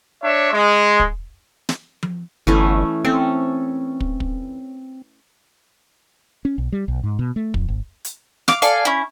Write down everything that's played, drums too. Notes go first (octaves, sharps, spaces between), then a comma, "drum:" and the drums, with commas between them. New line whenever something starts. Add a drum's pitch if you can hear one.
D4 C#5 E5
G#3
drum: kick
drum: snare
drum: tom F3
G1 E3 A3 C#4
C4 C#4 A4
drum: kick
drum: kick
C#4
B1
G3
B1
G#2
B2
A3
F2, drum: kick
G#1
drum: hi-hat
F5 D6, drum: snare
A4 D5 F5 G#5, drum: hi-hat
C#4 E4